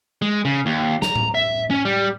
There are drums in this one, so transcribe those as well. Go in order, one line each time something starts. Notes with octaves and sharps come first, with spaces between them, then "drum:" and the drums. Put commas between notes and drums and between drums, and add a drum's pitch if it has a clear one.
G#3
C#3
D#2
A#5, drum: snare
drum: tom A2
E5
C#4
G3